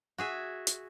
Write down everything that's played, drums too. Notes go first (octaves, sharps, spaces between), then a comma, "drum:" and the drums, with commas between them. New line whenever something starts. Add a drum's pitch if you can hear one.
F#4 G#4 E5
drum: hi-hat